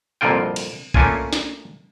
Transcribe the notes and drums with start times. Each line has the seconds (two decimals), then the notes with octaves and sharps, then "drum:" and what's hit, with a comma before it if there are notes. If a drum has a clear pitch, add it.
0.21 C2 F2 A#2 D3 F4 G5
0.56 drum: cymbal
0.94 A3 A#3 C#4 D4 F4 G#5, drum: kick B1
1.33 drum: snare